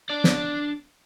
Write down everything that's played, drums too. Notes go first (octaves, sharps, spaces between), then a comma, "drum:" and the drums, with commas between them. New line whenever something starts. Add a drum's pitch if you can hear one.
D4 D5
drum: snare